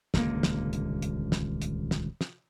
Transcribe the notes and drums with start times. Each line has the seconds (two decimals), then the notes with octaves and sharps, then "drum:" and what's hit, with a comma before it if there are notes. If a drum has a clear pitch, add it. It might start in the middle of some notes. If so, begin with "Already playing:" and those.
0.14 D#1 C#2 D3 A#3, drum: snare
0.43 drum: snare
0.73 drum: hi-hat
1.02 drum: hi-hat
1.32 drum: snare
1.62 drum: hi-hat
1.91 drum: snare
2.21 drum: snare